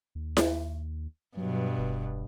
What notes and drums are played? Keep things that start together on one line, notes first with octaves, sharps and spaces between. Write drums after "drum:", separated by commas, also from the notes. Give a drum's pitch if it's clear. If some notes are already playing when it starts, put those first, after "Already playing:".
D#2
drum: snare E4
G2 B2 F#3
E1